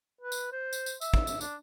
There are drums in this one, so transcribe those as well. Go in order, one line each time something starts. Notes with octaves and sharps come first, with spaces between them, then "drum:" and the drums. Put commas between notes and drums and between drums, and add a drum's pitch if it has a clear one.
B4
drum: tambourine
C5
drum: tambourine
drum: tambourine
E5, drum: tambourine
drum: kick
drum: tambourine
D4, drum: tambourine